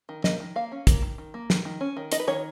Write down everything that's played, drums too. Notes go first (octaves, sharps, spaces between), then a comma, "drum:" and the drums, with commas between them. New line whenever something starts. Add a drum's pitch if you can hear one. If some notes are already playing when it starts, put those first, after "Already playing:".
D#3
A#3 D#5, drum: snare
D#3
A#3 F5
C#4
A#3, drum: kick, hi-hat
D#3
D#3
A#3
D#3, drum: snare
D#3
C#4
D#3
D#4 D#5, drum: hi-hat
B4
D#3 C#5